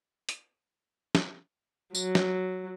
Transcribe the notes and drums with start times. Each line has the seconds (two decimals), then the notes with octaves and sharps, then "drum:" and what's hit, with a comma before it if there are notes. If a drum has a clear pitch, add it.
0.29 drum: hi-hat
1.15 drum: snare
1.95 F#3, drum: tambourine
2.15 drum: snare